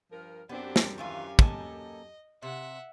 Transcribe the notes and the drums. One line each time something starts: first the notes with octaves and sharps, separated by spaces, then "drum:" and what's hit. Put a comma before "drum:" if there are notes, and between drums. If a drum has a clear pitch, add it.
G2 F3 A#4
F#2 B3 C4 D4 G4
drum: snare
D#3 E3 F4 F5 G#5
A#3 A4 D#5 G#5, drum: kick
C3 E5 F#5